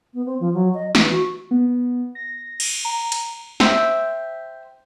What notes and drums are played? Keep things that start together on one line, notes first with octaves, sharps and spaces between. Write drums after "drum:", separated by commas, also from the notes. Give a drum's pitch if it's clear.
B3
C4
F3
F#3
D#5
E3, drum: snare
F#4
B3
A#6
drum: cymbal
A#5
drum: hi-hat
C5 E5 G5, drum: snare